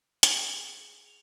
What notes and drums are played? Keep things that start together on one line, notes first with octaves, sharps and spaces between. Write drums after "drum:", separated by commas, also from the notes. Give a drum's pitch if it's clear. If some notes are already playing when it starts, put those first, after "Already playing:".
G#4, drum: hi-hat
F7